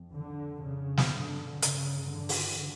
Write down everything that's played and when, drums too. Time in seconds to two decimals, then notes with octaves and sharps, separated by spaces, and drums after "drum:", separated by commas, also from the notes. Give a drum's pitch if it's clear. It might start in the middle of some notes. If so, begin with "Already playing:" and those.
Already playing: F2
0.15 D3
0.64 C#3
0.97 drum: snare
1.13 G2 D3
1.62 C#3, drum: hi-hat
2.12 D3
2.29 drum: open hi-hat